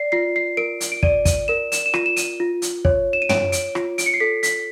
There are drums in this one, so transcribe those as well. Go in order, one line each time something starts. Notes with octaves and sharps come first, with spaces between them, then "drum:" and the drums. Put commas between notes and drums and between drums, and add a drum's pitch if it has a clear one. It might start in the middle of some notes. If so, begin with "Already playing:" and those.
Already playing: D5 C7
F4 C7
C7
A#4 D7
drum: hi-hat
D7
D5 D#7, drum: kick
D#7, drum: kick, hi-hat
A#4 E7
E7, drum: hi-hat
E7
F4 D#7, drum: rim click
E7
D#7, drum: hi-hat
F4
drum: hi-hat
C#5, drum: kick
E7
D#7
C#5 D7, drum: tom
D7, drum: hi-hat
F4, drum: rim click
D7, drum: hi-hat
C#7
C7
A4 B6
B6, drum: hi-hat